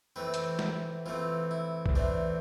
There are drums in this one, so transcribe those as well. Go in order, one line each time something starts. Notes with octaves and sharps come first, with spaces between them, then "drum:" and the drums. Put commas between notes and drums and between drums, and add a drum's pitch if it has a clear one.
C3 E3 A3 C4 B4
drum: hi-hat
drum: snare
C3 E3 A3 C4 F4
E4
drum: kick B1
C3 E3 A3 C4 D4